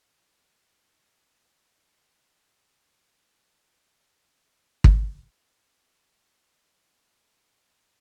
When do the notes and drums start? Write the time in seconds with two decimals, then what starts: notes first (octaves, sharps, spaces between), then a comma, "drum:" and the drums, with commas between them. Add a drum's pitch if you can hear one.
0.01 D5 F5 F#5 A5 B5
0.18 D2 D5 G#5
0.74 A4 A5
1.15 B4 D#5 F#5 B5
2.41 D#3
2.94 D4
3.74 D3 E3
4.84 drum: kick
6.09 D4
6.47 D5
7.31 F4
7.71 D#5 E5 G5 A5 A#5 C#6